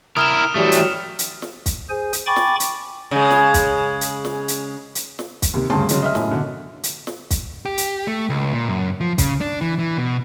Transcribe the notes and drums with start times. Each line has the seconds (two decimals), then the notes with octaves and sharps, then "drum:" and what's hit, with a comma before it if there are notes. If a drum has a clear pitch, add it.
0.17 E4 A#4 D#6 F6 E7
0.55 E3 F#3 G3 A3 G4
0.72 drum: hi-hat
1.19 drum: hi-hat
1.42 drum: snare
1.66 drum: kick, hi-hat
1.89 G#4 C5 G#5
2.13 drum: hi-hat
2.26 G5 G#5 B5 C#6 D6 A6
2.36 drum: snare
2.60 drum: hi-hat
3.11 C#3 G#3
3.30 drum: snare
3.54 drum: kick, hi-hat
4.01 drum: hi-hat
4.25 drum: snare
4.48 drum: hi-hat
4.95 drum: hi-hat
5.19 drum: snare
5.42 drum: kick, hi-hat
5.54 D#2 C3
5.70 D2 G2 C#3 G#4 A5 C6
5.89 C#3 F#3 G#3, drum: hi-hat
6.03 D#5 E5 F6
6.15 F#2 A2, drum: snare
6.31 B2 D3
6.83 drum: hi-hat
7.07 drum: snare
7.31 drum: kick, hi-hat
7.66 G4
7.78 drum: hi-hat
8.07 A3
8.29 C#2
8.53 A#2
8.68 F#2
9.01 F3
9.18 C#3, drum: kick, hi-hat
9.41 D4
9.61 E3
9.79 E3
9.97 B2